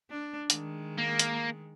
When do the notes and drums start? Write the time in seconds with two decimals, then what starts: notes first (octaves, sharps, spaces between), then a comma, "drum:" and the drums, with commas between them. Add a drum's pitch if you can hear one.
0.11 D4
0.50 D#3 G#3, drum: hi-hat
0.98 A#3
1.19 drum: hi-hat